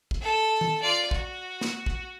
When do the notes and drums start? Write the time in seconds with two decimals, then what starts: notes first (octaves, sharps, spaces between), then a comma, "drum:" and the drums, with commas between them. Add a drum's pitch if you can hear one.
0.11 drum: kick
0.21 A4 A5
0.61 drum: tom
0.82 F4 D5
1.11 F#4, drum: kick
1.61 drum: snare
1.86 drum: kick